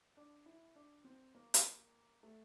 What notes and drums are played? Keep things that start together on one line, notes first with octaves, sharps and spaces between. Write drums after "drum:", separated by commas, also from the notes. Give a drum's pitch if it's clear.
D4
E4
D4
C4
A#3
drum: hi-hat
A3